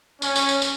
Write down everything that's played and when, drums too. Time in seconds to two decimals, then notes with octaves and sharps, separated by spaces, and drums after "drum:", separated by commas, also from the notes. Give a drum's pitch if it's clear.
0.22 C#4, drum: tambourine
0.36 drum: tambourine
0.49 drum: tambourine
0.62 drum: tambourine